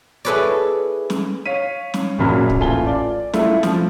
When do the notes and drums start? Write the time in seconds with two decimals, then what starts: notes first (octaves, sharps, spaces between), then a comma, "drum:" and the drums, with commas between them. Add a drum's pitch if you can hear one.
0.25 E4 G#4 A4 B4 C#5 D5
1.10 drum: snare
1.46 C#5 F5 B6 D#7
1.94 drum: snare
2.18 F#1 F#2 A#2 F#3 B5 F6
2.50 drum: kick
2.60 A1 A3 F4 G#5 A5 G7
2.86 D5
3.34 A3 E4 F4, drum: snare
3.63 F3, drum: snare